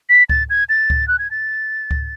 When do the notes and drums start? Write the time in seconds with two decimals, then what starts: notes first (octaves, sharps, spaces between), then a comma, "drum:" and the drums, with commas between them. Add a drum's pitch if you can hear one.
0.09 B6
0.29 A6, drum: kick C#2
0.50 G#6
0.69 A6
0.90 drum: kick C#2
1.08 F#6
1.19 G#6
1.31 A6
1.91 drum: kick C#2